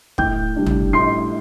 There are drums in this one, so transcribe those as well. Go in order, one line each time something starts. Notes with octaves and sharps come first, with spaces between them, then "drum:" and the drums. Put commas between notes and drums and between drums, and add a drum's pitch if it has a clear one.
A2 G5 G6, drum: kick
G3 D4
drum: tom
A2 C6 C7